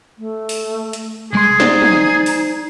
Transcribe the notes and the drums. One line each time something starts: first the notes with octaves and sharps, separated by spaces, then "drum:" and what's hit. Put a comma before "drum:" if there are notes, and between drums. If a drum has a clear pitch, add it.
A3
drum: open hi-hat
drum: hi-hat
C2 G#3 G#4 C6
D#4 C5 D5, drum: snare
drum: tom
drum: open hi-hat